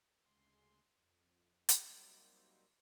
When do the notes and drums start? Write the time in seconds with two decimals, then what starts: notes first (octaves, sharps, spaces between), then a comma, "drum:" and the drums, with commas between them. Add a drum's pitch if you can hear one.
0.23 D2 C#3 G#3 C6
0.90 F2
1.69 drum: hi-hat
1.80 F#3 G3 A#3 C4 D#4